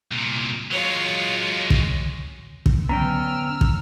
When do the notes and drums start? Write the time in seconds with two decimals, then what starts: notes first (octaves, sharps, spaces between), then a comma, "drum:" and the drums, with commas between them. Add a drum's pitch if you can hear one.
0.12 C2 A#2
0.71 F#3 G#3 F4 C#5
1.70 drum: kick
2.66 drum: kick
2.89 D3 F#3 B3 C#4 G5 A#5 E6 F6
3.61 drum: kick